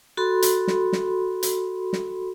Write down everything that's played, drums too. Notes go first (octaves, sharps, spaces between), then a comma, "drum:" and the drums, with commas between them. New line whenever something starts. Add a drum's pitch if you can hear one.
F#4 A4 B5 C6
drum: hi-hat
drum: snare
drum: snare
drum: hi-hat
drum: snare